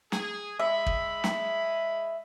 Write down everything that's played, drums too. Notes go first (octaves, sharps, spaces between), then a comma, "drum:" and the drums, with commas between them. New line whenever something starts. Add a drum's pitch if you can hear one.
G#4, drum: snare
G#3 E5 B5
drum: kick
drum: snare